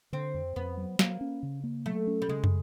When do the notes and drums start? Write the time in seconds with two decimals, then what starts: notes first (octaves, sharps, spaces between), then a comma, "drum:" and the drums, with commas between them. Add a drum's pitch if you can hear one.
0.13 D3 C4
0.34 F2
0.56 F2 B3
0.77 F#3
0.99 F#3 A#3, drum: snare
1.21 C#4
1.43 C#3
1.64 A#3
1.86 F#3 A3
2.07 C#4
2.22 G3
2.29 C#3 G#3
2.44 drum: tom